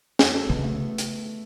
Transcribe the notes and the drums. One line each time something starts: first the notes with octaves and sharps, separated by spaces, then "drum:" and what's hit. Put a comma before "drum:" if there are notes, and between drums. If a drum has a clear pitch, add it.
F#4, drum: snare
A4
C#3 B3
A3
drum: hi-hat